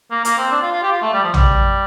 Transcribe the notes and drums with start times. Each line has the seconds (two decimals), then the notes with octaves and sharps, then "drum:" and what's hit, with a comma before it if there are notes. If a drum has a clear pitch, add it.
0.10 A#3
0.25 A#3, drum: hi-hat
0.38 C4
0.51 D4
0.62 F4
0.72 F4
0.82 G4
0.92 F4
1.02 A3
1.13 G3
1.24 F3
1.34 G3, drum: tom